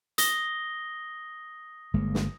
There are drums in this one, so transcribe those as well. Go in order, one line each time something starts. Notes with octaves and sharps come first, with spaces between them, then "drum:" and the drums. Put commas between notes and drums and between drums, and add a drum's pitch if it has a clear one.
D#6 A#6 G7, drum: hi-hat
G1 G#3 A#3
drum: snare